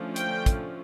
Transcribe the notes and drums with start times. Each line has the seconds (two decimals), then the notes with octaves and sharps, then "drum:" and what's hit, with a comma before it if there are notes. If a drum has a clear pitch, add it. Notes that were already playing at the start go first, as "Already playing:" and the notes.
Already playing: D3 F3 A3 C#4
0.16 G5, drum: hi-hat
0.46 drum: kick, hi-hat